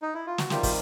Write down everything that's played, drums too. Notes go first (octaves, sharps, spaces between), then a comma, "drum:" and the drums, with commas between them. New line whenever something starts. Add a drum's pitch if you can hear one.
D#4
E4
F4
F#4, drum: snare
C3 D#3 G3 F4 G4, drum: snare
G4, drum: kick, open hi-hat